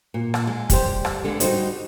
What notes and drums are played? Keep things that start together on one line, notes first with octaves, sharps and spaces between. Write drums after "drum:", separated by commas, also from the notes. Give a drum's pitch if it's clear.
A#2
drum: rim click
G#3
G3 G4 C5, drum: kick, hi-hat
drum: rim click
D3 G#3 B3
G3 D#4 F#4 C5 D#5, drum: hi-hat